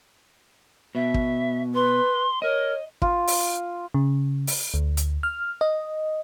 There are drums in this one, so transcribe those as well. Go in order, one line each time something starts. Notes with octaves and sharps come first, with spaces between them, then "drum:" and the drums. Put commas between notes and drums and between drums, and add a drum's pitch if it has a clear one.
B2 E5
drum: kick
B4 C6
A#4 C#5 D#5
F4, drum: kick
drum: open hi-hat
C#3
drum: open hi-hat
D2
drum: hi-hat
F6
D#5